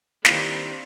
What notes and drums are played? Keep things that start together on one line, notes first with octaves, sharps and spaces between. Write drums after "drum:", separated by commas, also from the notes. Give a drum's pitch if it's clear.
D#3 G3 A#3 C4 D4 E4 F4, drum: snare